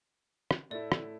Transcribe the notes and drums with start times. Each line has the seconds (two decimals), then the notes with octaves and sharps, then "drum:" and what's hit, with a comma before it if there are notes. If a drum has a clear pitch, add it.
0.51 drum: rim click
0.71 A2 A3 E4 D5
0.92 drum: rim click